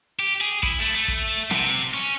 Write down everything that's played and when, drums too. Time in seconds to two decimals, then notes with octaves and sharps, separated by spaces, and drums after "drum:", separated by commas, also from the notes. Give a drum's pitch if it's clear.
0.19 G4
0.41 G#4
0.63 E4, drum: kick
0.80 A3
0.95 A3
1.08 drum: kick
1.51 C3, drum: snare
1.94 C#4